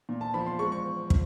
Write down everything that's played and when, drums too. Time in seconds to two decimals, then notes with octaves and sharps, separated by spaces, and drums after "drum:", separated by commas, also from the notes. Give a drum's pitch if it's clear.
0.09 A#2
0.21 A5
0.34 F3 B5
0.46 C6
0.59 G#3 C#6
0.72 C#6
1.10 drum: kick